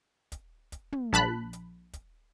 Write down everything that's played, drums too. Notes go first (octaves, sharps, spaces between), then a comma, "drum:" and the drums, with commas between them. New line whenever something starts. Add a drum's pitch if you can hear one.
drum: kick, hi-hat
drum: kick, hi-hat
drum: tom
A#1 A5 B5 F#6
drum: hi-hat
drum: kick, hi-hat